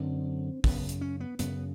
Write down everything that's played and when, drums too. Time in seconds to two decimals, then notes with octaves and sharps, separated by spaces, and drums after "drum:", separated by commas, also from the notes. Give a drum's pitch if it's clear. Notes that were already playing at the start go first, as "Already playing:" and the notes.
Already playing: F#2 D3 C4
0.64 F#2 C#3 B3, drum: kick, open hi-hat
0.89 drum: hi-hat
1.01 C#4
1.20 B3
1.39 F#2 C#3 B3, drum: hi-hat